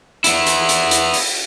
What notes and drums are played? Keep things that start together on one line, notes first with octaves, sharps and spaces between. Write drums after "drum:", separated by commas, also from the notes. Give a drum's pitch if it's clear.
B3 E4, drum: hi-hat
drum: hi-hat
drum: hi-hat
drum: hi-hat
drum: open hi-hat